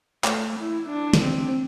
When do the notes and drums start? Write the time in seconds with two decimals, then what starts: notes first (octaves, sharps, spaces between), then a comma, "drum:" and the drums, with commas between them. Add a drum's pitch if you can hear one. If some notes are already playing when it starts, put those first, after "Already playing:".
0.24 A3, drum: clap
0.60 E4
0.90 D4
1.13 drum: snare
1.22 C4